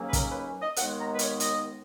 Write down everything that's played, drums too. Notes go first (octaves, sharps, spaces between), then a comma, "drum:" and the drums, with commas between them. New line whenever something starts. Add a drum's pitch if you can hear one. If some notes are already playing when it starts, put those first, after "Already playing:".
Already playing: D#2 C#3 F#3 A#3 C#4
B4
A#4, drum: kick, hi-hat
B4
D#5
D#2 D#3 G#3 B3 F#5, drum: hi-hat
A#5
B4
C#5, drum: hi-hat
D#5, drum: hi-hat